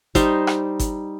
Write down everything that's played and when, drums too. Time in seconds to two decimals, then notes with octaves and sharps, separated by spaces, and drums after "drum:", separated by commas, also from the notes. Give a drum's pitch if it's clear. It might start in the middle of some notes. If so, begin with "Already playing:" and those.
0.15 G3 D#4 C5, drum: kick G1, hi-hat
0.47 drum: rim click
0.80 drum: kick G1, hi-hat